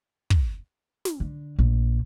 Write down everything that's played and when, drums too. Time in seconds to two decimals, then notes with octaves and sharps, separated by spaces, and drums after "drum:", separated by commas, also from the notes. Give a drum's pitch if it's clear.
0.30 drum: kick
1.05 drum: snare
1.20 D3
1.59 A#1